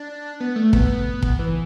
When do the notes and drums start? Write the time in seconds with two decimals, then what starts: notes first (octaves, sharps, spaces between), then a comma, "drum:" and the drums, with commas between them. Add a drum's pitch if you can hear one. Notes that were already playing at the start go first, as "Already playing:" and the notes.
Already playing: D4
0.40 B3
0.56 A3
0.73 B3, drum: kick
1.22 drum: kick
1.39 E3